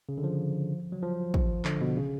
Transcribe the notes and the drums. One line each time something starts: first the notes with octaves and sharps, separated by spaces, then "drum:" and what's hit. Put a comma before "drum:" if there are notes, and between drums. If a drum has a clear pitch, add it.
C#3
D3
F3
F#3
F3
drum: kick
D3, drum: clap
B2
C#3